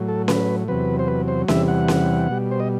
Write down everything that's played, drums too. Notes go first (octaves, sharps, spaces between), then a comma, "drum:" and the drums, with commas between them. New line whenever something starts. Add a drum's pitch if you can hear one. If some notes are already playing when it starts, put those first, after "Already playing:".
Already playing: A2 F#3
A4
B4, drum: snare C#4
E2 C3 F#3 B4
C5
B4
C5
E2 C3 E3 G3 E5, drum: snare C#4
F#5
drum: snare C#4
B2 G3
C5
D#5